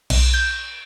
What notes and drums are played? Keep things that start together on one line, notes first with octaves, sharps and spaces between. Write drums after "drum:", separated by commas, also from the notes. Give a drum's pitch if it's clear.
B1, drum: cymbal
G6